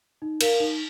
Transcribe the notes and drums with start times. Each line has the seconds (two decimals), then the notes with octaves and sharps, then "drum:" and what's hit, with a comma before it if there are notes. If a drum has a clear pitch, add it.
0.22 D#4
0.41 A#4 F5, drum: cymbal
0.60 D#4